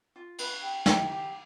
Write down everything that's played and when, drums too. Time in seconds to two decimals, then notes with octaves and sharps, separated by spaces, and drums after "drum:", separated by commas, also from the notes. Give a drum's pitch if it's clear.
0.16 F4
0.38 B4 C#5 B5, drum: cymbal
0.62 G4
0.86 G4, drum: snare
1.09 G4